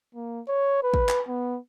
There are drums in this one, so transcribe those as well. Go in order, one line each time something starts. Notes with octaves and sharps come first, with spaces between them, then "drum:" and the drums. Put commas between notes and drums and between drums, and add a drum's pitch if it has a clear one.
A#3
C#5
B4
drum: kick
drum: clap
B3